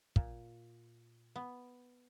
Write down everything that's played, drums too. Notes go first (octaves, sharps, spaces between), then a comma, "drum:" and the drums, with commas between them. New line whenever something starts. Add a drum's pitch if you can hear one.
A#2, drum: kick
B3